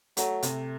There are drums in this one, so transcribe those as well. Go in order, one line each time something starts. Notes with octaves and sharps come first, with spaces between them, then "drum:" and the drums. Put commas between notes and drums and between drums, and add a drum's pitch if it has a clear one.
F#3 A3, drum: hi-hat
C3, drum: hi-hat